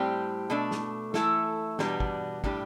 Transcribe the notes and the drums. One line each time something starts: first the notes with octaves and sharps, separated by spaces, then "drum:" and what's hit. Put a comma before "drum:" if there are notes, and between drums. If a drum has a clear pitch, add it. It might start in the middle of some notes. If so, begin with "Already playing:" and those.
Already playing: A2 G3 C4 G4
B2 A3 D4
drum: snare
E3 A3 E4 A4, drum: snare
E2 B2 G3 B3 D4, drum: snare
drum: kick
A2 G3 D4 G4, drum: kick